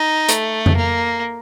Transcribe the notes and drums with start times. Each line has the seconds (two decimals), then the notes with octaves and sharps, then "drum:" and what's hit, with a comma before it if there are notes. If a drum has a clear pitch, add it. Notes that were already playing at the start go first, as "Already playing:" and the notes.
Already playing: D#4
0.29 A3, drum: hi-hat
0.66 drum: tom F2
0.76 A#3